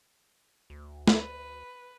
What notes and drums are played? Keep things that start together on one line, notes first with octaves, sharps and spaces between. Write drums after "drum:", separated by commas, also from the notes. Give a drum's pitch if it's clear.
D2
B4, drum: snare